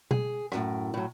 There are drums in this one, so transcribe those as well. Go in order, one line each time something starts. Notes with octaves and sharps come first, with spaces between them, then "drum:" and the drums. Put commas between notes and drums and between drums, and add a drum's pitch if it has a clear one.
G#4, drum: tom B2
F#2 A2, drum: rim click
A2 F#3